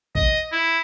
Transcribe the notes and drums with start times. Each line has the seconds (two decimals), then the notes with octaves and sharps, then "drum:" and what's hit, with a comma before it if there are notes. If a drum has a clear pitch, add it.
0.15 D#5, drum: kick
0.52 E4